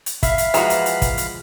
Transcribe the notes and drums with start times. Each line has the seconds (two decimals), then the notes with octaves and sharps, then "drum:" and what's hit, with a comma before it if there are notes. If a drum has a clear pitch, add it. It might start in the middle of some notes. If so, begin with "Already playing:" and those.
0.06 drum: hi-hat
0.23 E5 F5 B5, drum: kick, hi-hat
0.38 drum: hi-hat
0.54 E3 F3 G#3 F#4 A#5, drum: hi-hat
0.70 drum: hi-hat
0.86 drum: hi-hat
1.02 drum: kick, hi-hat
1.18 drum: hi-hat